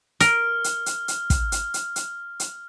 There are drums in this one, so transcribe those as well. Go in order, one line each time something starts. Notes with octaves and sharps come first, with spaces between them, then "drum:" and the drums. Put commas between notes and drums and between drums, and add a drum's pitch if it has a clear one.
A#4 F6, drum: hi-hat
drum: hi-hat
drum: hi-hat
drum: hi-hat
drum: kick, hi-hat
drum: hi-hat
drum: hi-hat
drum: hi-hat
drum: hi-hat